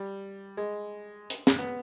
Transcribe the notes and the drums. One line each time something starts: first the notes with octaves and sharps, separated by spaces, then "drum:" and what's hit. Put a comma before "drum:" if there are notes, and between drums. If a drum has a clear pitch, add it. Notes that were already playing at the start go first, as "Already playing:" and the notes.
Already playing: G3
G#3
drum: hi-hat
drum: snare
B3